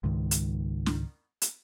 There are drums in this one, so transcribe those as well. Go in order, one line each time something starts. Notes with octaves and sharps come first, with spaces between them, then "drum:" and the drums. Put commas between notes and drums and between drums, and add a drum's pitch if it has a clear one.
C#2 G#2 D#3
drum: hi-hat
drum: snare
drum: hi-hat